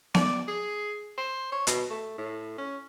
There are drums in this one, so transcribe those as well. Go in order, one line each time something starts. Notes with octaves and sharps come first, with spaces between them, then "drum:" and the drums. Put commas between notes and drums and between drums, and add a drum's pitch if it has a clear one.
D5, drum: snare B3
G#4
C5
C#5
B2, drum: hi-hat
A3
A2
C#4